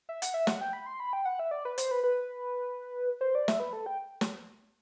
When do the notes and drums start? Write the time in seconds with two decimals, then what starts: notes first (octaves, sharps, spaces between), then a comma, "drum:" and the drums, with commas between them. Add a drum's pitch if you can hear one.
0.09 E5
0.22 F#5, drum: hi-hat
0.34 E5
0.47 F#5, drum: snare
0.61 G5
0.73 B5
0.86 C6
1.00 B5
1.13 G5
1.25 F#5
1.39 E5
1.51 D5
1.65 B4
1.78 C5, drum: hi-hat
1.91 B4
2.04 B4
3.21 C5
3.35 D5
3.48 E5, drum: snare
3.60 B4
3.73 A4
3.86 G5
4.21 drum: snare